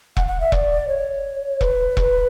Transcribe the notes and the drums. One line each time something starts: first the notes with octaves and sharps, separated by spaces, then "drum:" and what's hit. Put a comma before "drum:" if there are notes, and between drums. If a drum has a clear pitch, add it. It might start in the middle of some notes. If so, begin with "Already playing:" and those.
F#5, drum: kick E1
F#5
E5
D5, drum: kick E1
C#5
B4, drum: kick E1
drum: kick E1